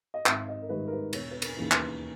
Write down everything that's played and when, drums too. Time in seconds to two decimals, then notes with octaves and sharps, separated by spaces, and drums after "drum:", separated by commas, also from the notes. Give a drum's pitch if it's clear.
0.14 D#5
0.26 G#1 E5, drum: clap
0.48 D#5
0.62 A#4
0.69 G#2 D#3 G3 B4
0.87 A#4
0.92 B4
1.13 E1 C#5, drum: cymbal
1.31 B4
1.42 A#4, drum: cymbal
1.57 D#2 C#3 E3
1.71 B4, drum: clap